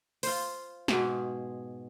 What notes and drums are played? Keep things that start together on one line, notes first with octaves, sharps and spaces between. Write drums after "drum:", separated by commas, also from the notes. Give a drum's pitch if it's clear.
F4 C5, drum: open hi-hat
G#2 B2 G#4, drum: snare